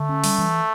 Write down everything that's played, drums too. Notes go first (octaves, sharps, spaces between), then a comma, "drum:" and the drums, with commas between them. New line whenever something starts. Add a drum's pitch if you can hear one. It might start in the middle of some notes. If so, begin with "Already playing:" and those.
Already playing: D3 A3
C#4
G3, drum: open hi-hat
E3